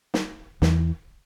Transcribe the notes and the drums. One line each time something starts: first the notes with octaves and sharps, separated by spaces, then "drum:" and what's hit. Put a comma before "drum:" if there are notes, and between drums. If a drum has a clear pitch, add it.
drum: snare
E2 E3, drum: snare